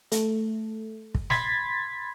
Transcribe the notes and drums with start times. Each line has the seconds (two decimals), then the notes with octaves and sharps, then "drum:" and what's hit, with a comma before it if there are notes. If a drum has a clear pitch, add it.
0.12 A3, drum: hi-hat
1.15 drum: kick
1.30 B5 C6 G#6 A6 B6, drum: snare